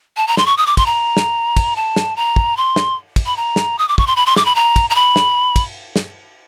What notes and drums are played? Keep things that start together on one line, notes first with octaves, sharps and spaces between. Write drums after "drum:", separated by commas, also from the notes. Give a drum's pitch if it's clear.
A5
A#5
C6, drum: snare
C#6
D#6
D6
C6, drum: kick, cymbal
A#5
drum: snare
drum: kick, cymbal
A5
drum: snare
A#5
drum: kick
C6
drum: snare
drum: kick, cymbal
B5
A#5
drum: snare
D#6
D6
C#6, drum: kick
C6
B5
C6
D6, drum: snare
B5
A#5
drum: kick, cymbal
A#5
B5
drum: snare
drum: kick, cymbal
drum: snare